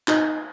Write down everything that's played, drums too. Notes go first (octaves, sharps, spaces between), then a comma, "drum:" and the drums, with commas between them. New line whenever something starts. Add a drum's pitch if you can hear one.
D#4, drum: clap